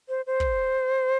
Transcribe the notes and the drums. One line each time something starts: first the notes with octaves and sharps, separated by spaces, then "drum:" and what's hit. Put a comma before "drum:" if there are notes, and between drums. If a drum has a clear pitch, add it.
C5
C5
drum: kick